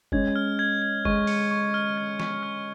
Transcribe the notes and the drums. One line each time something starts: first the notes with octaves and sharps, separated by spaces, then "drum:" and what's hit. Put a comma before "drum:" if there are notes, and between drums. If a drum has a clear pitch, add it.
G#3 C#4 G#6, drum: kick F#1
F6
G#6
G#6
G#3 C#6, drum: kick F#1
C#7, drum: open hi-hat
C#6
F6
G#6
C#6, drum: snare
F6